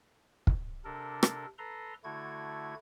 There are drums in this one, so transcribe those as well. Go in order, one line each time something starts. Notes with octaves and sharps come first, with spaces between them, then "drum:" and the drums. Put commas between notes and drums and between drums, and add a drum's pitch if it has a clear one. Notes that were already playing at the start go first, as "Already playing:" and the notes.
drum: kick
C3 D4 A4 A#4
drum: rim click
A4 B4 A#5 C6
D3 A3 E4 F#4 G#6